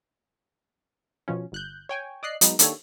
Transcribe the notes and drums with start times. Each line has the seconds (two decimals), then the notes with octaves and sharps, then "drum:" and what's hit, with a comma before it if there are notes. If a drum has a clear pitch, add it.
1.28 B2 F3 C#4
1.52 G1 F#6 G6
1.89 C#5 G5 G#5
2.23 D5 D#5 F#6 C7
2.41 F#3 G#3 B3 D#4, drum: hi-hat
2.59 D#3 A#3 D4 G4 A4 C#5, drum: hi-hat